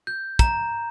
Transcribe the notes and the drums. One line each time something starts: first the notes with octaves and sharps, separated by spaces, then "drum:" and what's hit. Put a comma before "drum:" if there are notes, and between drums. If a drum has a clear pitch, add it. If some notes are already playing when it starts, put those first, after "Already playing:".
G6
A#5, drum: kick, hi-hat